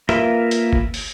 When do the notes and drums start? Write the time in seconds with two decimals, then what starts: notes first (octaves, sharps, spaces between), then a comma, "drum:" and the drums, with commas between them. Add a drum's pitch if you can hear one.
0.09 A#3 F4 A#4 B4 E5, drum: rim click
0.51 drum: hi-hat
0.73 drum: kick G1
0.94 drum: open hi-hat